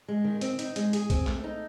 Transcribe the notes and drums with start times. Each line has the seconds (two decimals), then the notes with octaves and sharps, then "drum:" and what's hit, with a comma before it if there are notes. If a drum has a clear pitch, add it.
0.08 G#3
0.24 D#3
0.41 C4, drum: hi-hat
0.59 D#4, drum: hi-hat
0.76 G#3, drum: hi-hat
0.93 G#4, drum: hi-hat
1.10 C4, drum: kick B1, hi-hat
1.27 A3, drum: clap
1.44 D#4